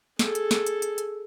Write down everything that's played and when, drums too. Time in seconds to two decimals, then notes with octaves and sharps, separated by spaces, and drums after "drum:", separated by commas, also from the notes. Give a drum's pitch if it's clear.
0.19 G#4 A4, drum: snare
0.35 drum: hi-hat
0.51 drum: snare
0.67 drum: hi-hat
0.82 drum: hi-hat
0.98 drum: hi-hat